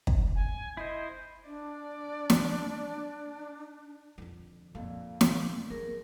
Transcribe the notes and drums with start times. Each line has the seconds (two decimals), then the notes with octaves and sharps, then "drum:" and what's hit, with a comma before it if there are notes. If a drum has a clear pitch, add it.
0.07 drum: kick
0.35 G#5
0.77 E4 C5 D#5
1.46 D4 D5
2.30 drum: snare
4.18 F2 D3
4.75 F2 A#2 D3 A4 F5
5.21 drum: snare
5.70 D3 F#3 G#4 A#4